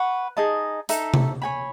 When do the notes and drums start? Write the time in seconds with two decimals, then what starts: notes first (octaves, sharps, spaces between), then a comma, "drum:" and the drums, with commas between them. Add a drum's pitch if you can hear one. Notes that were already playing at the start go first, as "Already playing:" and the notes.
Already playing: B4 F#5 C#6
0.37 D#4 G#4 D#5 A5
0.89 D#4 A4 E5, drum: hi-hat
1.14 drum: tom C3
1.42 C#5 G#5 B5